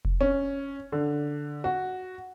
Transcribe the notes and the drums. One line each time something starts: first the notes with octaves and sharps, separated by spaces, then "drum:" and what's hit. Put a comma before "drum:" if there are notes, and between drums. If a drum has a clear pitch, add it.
drum: kick F1
C#4
D3
F#4